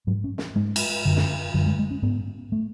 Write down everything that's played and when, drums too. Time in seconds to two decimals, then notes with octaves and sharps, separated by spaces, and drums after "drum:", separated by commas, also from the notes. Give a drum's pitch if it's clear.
0.07 G#2 F#3
0.24 C#4
0.38 drum: snare
0.56 G#2 G#3
0.76 drum: cymbal
1.05 F#2 D3
1.17 drum: snare
1.54 F#2 D3 F#3
1.66 G#3
1.79 G#3
1.91 C#4
2.02 G#2 B3
2.52 A3